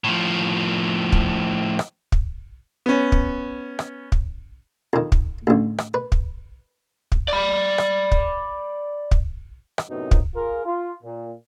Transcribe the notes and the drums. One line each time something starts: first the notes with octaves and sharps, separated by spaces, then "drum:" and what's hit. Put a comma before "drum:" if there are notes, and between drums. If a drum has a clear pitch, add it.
A2 F3
drum: kick
drum: rim click
drum: kick
B3 C#4
drum: kick
drum: rim click
drum: kick
F2 D#3
drum: kick
A1 D2
drum: rim click
B4
drum: kick
drum: kick
D5 B5
drum: rim click
drum: kick
drum: kick
drum: rim click
F#2 A2 C3 F#3 B3 D#4
drum: kick
F4 G#4 A#4
F4
A#2